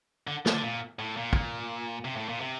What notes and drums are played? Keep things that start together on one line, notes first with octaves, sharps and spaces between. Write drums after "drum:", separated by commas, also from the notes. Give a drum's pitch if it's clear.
D3
F3, drum: snare
D3
A#2
A2
A#2
drum: kick
C3
A2
A#2
C3